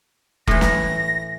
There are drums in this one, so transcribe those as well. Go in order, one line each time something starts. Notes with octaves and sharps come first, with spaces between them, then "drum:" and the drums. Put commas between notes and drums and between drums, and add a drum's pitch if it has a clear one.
A2 E3 A#6, drum: kick F1
drum: snare